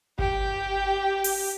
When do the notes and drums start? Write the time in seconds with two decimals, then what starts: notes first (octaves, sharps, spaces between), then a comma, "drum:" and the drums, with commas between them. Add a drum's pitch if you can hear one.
0.19 G4 G5, drum: kick G1
1.24 drum: open hi-hat